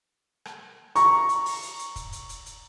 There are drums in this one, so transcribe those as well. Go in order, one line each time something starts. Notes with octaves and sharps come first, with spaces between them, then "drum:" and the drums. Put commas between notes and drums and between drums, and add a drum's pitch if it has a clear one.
drum: rim click
A#5 C#6, drum: hi-hat
drum: hi-hat
drum: open hi-hat
drum: hi-hat
drum: hi-hat
drum: kick, hi-hat
drum: hi-hat
drum: hi-hat
drum: hi-hat